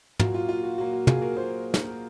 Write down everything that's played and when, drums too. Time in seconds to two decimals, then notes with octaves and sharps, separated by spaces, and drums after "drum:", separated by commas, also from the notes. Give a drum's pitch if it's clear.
0.19 A#2 F#3 A#3 F#4, drum: tom
0.34 F4
0.49 F4
0.63 F#4
0.78 A#2 F#3 A#3 F#4
0.92 F#4
1.07 F4 G#4, drum: tom
1.21 F#4 A#4
1.36 A#2 F#3 A#3 G#4 C5
1.74 drum: snare